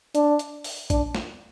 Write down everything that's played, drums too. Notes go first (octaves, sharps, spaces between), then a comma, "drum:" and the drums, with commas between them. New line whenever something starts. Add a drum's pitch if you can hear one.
D4, drum: hi-hat
drum: hi-hat
drum: open hi-hat
D4, drum: kick, hi-hat
drum: snare